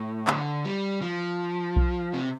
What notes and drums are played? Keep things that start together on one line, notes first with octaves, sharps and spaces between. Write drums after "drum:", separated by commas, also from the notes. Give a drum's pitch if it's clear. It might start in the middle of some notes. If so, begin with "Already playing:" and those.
Already playing: A2
D3, drum: clap
G3
F3
drum: kick B1
C3